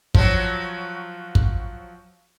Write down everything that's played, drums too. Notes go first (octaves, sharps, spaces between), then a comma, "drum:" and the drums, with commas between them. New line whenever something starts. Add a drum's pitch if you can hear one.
F3 F#3, drum: kick
drum: kick